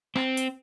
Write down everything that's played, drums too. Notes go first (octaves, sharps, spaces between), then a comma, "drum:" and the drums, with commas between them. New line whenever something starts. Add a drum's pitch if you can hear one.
C4, drum: rim click
drum: hi-hat